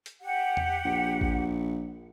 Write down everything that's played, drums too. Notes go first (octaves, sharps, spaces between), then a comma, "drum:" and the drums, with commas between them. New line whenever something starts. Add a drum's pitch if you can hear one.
drum: hi-hat
G4 F#5
drum: tom E2
A#1
drum: kick A1